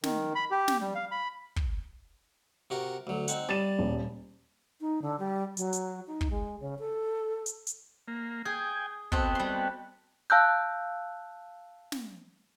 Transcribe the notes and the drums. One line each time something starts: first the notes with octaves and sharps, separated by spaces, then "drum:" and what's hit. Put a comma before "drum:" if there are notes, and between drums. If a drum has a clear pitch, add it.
D#3, drum: snare
B5
G4
drum: snare
G3
F5
B5
drum: kick
C3 F#4 A#4
D2 F#3
C4 D#4 F#5, drum: hi-hat
G3 A6 D#7 E7
D#1
D#4
D3
G3
F#3, drum: hi-hat
drum: hi-hat
D#4
drum: kick
G#3
C#3
A4
drum: hi-hat
drum: hi-hat
A#3
G#4 G5 G#5
B3 C4 F#4 A4 D#5, drum: kick
G3 C6
F5 A5 E6 F#6 G6
drum: snare